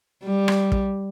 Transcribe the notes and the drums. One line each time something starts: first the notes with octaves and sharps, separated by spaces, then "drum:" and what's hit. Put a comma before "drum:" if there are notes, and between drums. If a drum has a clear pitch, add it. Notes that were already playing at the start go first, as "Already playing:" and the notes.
G3
drum: rim click
drum: kick